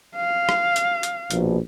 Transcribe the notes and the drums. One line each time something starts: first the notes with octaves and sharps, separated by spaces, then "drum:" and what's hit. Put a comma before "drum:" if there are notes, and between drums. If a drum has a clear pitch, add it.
F5
drum: rim click
drum: hi-hat
drum: hi-hat
A#1 B2, drum: hi-hat